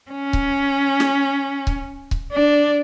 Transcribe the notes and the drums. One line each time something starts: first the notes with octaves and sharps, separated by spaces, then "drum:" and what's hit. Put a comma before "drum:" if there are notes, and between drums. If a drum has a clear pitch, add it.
C#4
drum: kick C#1
drum: snare
drum: kick C#1
drum: kick C#1
D4